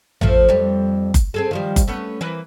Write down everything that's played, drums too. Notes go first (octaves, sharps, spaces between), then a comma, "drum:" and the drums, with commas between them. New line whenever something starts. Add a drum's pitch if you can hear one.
F3 A3, drum: tom A1
F2 G3
drum: kick F#1, hi-hat
C4 G#4 A4
D#3 F3 G3
drum: kick F#1, hi-hat
A3 B3 C#4
E3 A#3 B4